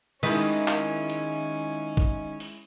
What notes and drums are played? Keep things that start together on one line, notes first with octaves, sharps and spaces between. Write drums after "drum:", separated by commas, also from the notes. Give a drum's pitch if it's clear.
D#3 G#3 C#4 E4 B4 D#5, drum: cymbal
drum: clap
drum: hi-hat
drum: kick A1
drum: open hi-hat